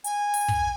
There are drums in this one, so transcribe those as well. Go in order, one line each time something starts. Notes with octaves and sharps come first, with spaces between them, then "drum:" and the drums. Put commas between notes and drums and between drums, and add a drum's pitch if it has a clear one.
G#5, drum: hi-hat
drum: open hi-hat
drum: kick